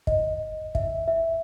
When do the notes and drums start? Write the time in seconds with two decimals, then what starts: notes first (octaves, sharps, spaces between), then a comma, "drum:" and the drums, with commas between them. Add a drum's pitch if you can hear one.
0.07 D#5, drum: kick
0.75 E5, drum: kick
1.08 E5